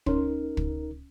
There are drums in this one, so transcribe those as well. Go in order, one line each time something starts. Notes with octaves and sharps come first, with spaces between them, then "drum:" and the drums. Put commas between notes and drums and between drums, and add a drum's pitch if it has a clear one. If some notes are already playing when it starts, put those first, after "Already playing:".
C#4 D#4 A#4 C#5 C6, drum: kick
drum: kick